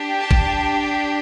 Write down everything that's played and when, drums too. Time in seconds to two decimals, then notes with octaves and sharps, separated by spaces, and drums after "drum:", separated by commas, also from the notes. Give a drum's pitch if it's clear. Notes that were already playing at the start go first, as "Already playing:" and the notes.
Already playing: D4 G4
0.20 A5
0.31 drum: kick G1